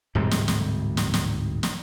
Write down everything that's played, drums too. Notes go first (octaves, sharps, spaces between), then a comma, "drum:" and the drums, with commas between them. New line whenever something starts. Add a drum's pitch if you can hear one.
D1 G#2 C3 G3
drum: snare
drum: snare
drum: snare
drum: snare
drum: snare